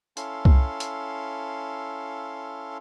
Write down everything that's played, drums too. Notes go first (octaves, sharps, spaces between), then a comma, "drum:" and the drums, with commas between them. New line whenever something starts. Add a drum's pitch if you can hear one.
C#4 E4 A4 F5 C6, drum: hi-hat
drum: kick C2
drum: hi-hat